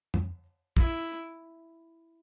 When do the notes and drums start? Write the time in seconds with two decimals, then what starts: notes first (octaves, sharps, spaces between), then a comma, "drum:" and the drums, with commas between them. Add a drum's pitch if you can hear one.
0.14 drum: tom
0.77 E4, drum: kick